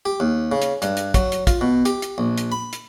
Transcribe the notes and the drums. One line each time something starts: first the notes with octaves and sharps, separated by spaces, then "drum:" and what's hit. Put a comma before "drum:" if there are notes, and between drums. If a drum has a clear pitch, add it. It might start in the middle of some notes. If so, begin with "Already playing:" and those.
G4
D#2
C#3
drum: hi-hat
G2, drum: hi-hat
drum: hi-hat
F#3, drum: kick, hi-hat
drum: hi-hat
F4, drum: kick, hi-hat
B2
G4, drum: hi-hat
drum: hi-hat
A#1
drum: hi-hat
B5
drum: hi-hat